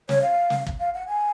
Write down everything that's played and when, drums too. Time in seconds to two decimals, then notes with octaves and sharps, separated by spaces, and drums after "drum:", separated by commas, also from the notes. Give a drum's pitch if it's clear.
0.09 C#5, drum: snare
0.22 F5
0.50 drum: snare
0.67 drum: kick
0.80 F5
0.94 F#5
1.07 G#5